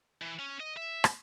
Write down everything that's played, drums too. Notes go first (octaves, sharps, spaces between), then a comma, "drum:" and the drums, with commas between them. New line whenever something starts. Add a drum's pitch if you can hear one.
E3
C#4
D#5
E5
drum: rim click